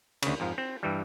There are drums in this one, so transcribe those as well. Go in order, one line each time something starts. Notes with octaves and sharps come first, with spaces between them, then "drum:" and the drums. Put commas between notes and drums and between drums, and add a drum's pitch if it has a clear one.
D2 C#3, drum: cymbal
F2 G#2 F3
C4
G2 E3 G3